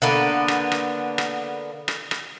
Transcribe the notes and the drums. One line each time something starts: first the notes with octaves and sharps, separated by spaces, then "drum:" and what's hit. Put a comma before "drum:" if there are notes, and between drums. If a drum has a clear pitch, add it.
D3 A#3 B3
drum: rim click
drum: rim click
drum: rim click
drum: rim click
drum: rim click